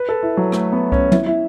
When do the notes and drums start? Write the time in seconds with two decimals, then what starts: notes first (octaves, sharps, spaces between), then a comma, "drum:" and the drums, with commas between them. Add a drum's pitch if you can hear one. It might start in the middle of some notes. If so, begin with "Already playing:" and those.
Already playing: B4
0.09 A4
0.23 E4
0.37 F#3
0.52 A3, drum: rim click
0.72 B3
0.92 C#4, drum: kick C2
1.12 E4, drum: tom
1.26 E4